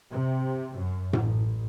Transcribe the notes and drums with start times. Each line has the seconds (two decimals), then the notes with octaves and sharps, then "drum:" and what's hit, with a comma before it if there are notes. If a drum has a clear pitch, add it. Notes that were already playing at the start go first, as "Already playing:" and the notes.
0.13 C3
0.76 F#2
1.13 A1, drum: tom A2